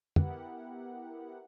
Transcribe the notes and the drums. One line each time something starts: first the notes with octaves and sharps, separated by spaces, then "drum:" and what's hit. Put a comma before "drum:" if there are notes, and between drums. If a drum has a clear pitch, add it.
B3 E4 G4 A#4 F#5, drum: tom F2